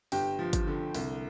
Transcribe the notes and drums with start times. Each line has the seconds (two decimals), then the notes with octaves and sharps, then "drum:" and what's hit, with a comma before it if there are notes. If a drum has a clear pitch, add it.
0.12 G1 G4 G5, drum: open hi-hat
0.39 F3
0.53 drum: kick, hi-hat
0.67 D3
0.95 C2, drum: open hi-hat